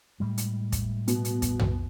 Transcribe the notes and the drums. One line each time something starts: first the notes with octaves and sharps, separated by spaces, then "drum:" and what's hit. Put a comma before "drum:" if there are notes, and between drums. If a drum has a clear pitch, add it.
A2 G3 G#3
drum: hi-hat
drum: kick, hi-hat
B2, drum: hi-hat
drum: hi-hat
drum: kick, hi-hat
drum: tom